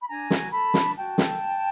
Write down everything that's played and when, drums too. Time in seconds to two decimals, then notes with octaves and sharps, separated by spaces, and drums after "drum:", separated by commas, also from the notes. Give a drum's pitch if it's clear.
0.02 B5
0.08 D4 G#5 A#5
0.30 F#4, drum: snare
0.52 A4 A5 B5
0.74 D4, drum: snare
0.96 F#4 G5 A5
1.18 A4, drum: snare